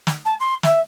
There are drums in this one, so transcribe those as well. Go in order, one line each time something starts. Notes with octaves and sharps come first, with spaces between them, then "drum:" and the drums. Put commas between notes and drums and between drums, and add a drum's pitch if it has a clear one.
drum: snare
A5
C6
E5, drum: snare